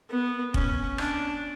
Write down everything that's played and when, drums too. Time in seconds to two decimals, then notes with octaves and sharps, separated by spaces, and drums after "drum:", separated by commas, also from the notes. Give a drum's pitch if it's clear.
0.10 B3
0.54 C#4, drum: kick
0.98 D4, drum: rim click